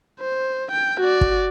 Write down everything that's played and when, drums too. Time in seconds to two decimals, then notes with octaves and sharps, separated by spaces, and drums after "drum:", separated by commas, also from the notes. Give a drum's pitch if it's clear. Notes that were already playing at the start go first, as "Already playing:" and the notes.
0.21 C5
0.71 G5
1.00 F#4 D5
1.21 drum: kick